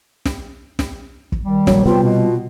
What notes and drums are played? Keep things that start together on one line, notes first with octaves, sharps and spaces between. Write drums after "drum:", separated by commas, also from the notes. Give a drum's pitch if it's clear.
drum: snare
drum: snare
drum: kick
D#3 G3
A#1 D#2 F#3 C#5, drum: snare
C3 F3 G3 B3 C4 F4
B2